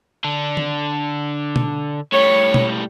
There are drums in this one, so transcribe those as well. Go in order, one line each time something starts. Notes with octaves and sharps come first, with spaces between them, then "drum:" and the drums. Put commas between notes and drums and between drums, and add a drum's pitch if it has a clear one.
D3 D4
drum: tom D#3
drum: tom B2
A2 G3 C#5
drum: tom B2